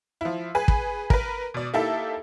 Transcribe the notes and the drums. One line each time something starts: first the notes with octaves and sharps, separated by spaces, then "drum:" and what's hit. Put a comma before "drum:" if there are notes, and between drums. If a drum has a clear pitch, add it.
F3 E4
G#4 B4 G#5
drum: kick
A#4 B4, drum: kick
B2 D5
A#3 D#4 E4 G4 A4 E5